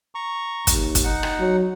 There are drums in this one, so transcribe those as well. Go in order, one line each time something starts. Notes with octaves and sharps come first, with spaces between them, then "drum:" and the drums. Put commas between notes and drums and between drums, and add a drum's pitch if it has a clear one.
A#5 C#6
D#2, drum: kick, hi-hat
drum: kick, hi-hat
D#4 F#5
drum: rim click
F#3